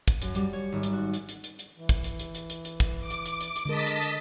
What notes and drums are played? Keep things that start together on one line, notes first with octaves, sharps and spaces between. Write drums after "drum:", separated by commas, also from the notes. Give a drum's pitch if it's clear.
drum: kick, hi-hat
F#2, drum: hi-hat
G3, drum: hi-hat
C#5
G#1
drum: hi-hat
F#4
drum: hi-hat
drum: hi-hat
drum: hi-hat
drum: hi-hat
E3
drum: kick, hi-hat
drum: hi-hat
drum: hi-hat
drum: hi-hat
drum: hi-hat
drum: hi-hat
drum: kick, hi-hat
D6
drum: hi-hat
drum: hi-hat
drum: hi-hat
drum: hi-hat
D3 G#3 A#4 D#5 A5 B6
drum: hi-hat
drum: hi-hat